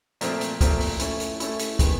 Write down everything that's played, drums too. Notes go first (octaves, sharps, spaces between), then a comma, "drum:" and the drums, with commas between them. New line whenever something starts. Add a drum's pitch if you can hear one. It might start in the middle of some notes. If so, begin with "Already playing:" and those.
A#2 F3 A3 C4, drum: hi-hat
drum: hi-hat
A#2 F3 A3 C4, drum: kick, hi-hat
drum: open hi-hat
A3 C#4 E4, drum: hi-hat
drum: hi-hat
A3 C#4 E4, drum: hi-hat
drum: hi-hat
D#3 G#3 B3, drum: kick, hi-hat